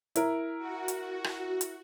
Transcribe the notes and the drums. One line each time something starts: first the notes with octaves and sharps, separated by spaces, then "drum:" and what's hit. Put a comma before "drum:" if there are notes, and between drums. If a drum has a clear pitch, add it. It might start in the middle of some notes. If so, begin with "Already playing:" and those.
E4 A#4, drum: hi-hat
F#4
drum: hi-hat
drum: rim click
drum: hi-hat